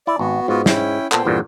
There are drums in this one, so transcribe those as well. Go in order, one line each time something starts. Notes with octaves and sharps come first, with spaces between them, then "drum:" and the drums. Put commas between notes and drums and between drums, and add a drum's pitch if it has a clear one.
E4 D5
G#1 B3 F#4
G#2 B3 F4 F#4
C#4 E4 G5, drum: snare
A#2 B3 A4 C5 G5, drum: clap
E2 G2 A#2